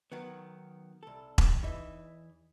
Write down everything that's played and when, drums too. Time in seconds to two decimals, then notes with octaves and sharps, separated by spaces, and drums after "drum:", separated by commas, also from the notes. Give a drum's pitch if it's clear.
0.12 D#3 F#3 B3
1.03 C2 A4
1.38 drum: kick E1
1.62 E2 E3 D#4 E5